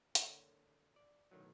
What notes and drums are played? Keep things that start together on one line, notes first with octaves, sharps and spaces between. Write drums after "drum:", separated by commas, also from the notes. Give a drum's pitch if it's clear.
D3 A#3 C#5, drum: hi-hat
D5
B1 A2 D#3 F#3